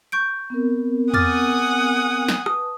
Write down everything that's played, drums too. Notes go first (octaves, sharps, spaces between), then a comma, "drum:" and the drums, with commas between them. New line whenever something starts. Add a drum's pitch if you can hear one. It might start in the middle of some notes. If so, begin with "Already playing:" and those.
C#6 G6 D7
B3 C4 A#4
F#5 G#5 D6 D#6 F6 A6, drum: tom E2
drum: snare
B4 A5 D#6, drum: rim click